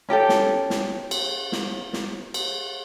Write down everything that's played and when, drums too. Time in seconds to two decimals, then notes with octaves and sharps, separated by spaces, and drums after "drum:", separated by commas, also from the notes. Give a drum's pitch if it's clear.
0.09 C#4 G4 A4 G5
0.29 drum: snare
0.70 drum: snare
1.11 drum: cymbal
1.52 drum: snare
1.93 drum: snare
2.34 drum: cymbal